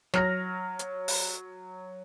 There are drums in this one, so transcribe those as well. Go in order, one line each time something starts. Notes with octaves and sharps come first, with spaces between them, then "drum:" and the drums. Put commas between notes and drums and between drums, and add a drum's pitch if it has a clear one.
F#3 F6 A#6, drum: snare
drum: hi-hat
drum: open hi-hat